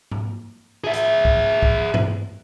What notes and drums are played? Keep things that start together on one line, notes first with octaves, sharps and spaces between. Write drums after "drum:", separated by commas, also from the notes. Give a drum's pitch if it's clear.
drum: tom G#2
G#4 E5
drum: hi-hat
drum: kick
drum: kick
drum: tom